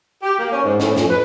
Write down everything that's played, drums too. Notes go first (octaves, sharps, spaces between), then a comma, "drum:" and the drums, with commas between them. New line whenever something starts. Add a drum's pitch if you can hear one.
G4
A#3
C#4
G#2
A2, drum: snare
F2, drum: snare
B4